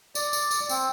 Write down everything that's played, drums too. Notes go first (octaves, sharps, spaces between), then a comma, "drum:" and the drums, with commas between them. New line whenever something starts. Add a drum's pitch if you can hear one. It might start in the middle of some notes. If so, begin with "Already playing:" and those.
D5, drum: tambourine
drum: tambourine
drum: tambourine
C4, drum: tambourine